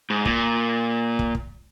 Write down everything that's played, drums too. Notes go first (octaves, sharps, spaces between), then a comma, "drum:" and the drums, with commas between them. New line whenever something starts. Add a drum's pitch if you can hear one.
G#2
A#2, drum: kick
drum: kick
drum: kick